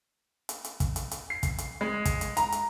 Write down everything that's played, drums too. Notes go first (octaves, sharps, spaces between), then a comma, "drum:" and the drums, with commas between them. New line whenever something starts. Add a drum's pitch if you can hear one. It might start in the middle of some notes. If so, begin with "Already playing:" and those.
drum: hi-hat
drum: hi-hat
drum: kick, hi-hat
drum: hi-hat
drum: hi-hat
C7
drum: kick, hi-hat
drum: hi-hat
G#3
drum: kick, hi-hat
drum: hi-hat
A#5, drum: hi-hat
drum: hi-hat